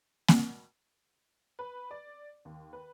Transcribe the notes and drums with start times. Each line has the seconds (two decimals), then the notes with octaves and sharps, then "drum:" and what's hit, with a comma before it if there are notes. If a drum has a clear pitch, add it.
0.28 drum: snare A#3
1.59 B4
1.91 D5
2.45 D#2
2.73 B4